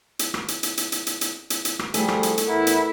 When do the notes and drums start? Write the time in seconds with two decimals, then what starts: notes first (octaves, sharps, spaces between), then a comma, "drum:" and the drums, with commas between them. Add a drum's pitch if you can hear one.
0.19 drum: hi-hat
0.34 drum: rim click
0.48 drum: hi-hat
0.63 drum: hi-hat
0.77 drum: hi-hat
0.92 drum: hi-hat
1.07 drum: hi-hat
1.21 drum: hi-hat
1.50 drum: hi-hat
1.65 drum: hi-hat
1.79 drum: rim click
1.94 F3 G3 A3 G#4, drum: hi-hat
2.08 drum: rim click
2.23 drum: hi-hat
2.38 drum: hi-hat
2.48 E2 E4 A#4 F#5
2.67 drum: hi-hat